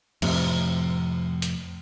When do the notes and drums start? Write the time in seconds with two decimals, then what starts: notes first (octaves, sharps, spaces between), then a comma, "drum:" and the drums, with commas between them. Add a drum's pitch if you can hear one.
0.22 F2 A2 C3, drum: cymbal
1.42 drum: hi-hat